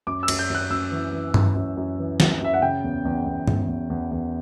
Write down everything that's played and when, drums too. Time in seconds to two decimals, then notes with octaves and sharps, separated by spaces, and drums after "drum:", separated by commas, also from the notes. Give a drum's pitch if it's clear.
0.07 F#2 D6
0.23 E6
0.28 F#2, drum: cymbal
0.39 G6
0.50 F#2 F#6
0.70 F#2 E6
0.91 E3
1.13 E3
1.34 F#2, drum: tom G2
1.55 F#2
1.77 F#2
1.99 E3
2.20 F#2, drum: snare
2.41 F#2 E5
2.54 F#5
2.62 C#3 G5
2.84 E2
3.05 E2
3.26 E2
3.47 E2, drum: tom G2
3.68 E2
3.90 E2
4.11 E2